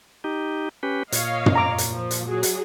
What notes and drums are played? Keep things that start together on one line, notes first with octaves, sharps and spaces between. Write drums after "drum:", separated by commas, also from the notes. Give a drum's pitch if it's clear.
D#4 G4
C#4 G4 B4
A#2 C#5 D#5 F5, drum: hi-hat
drum: tom
A#5 D6
drum: hi-hat
F3
drum: hi-hat
F#3 G#4
drum: hi-hat